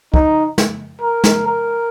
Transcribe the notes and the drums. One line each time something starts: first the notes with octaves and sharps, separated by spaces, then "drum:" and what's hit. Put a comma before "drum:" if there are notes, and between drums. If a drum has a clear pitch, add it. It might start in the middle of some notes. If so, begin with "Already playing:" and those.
D#4, drum: kick
drum: snare
A#4
drum: snare
A#4